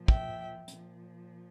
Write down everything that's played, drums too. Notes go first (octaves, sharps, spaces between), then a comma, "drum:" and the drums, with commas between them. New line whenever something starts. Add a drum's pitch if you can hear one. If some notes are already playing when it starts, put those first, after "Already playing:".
Already playing: A#2 F3
E5 G5, drum: kick
A#2 F3, drum: hi-hat